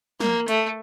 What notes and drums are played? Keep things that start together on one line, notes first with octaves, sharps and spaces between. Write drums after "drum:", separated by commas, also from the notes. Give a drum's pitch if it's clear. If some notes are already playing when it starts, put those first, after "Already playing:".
A#3, drum: snare
A3, drum: hi-hat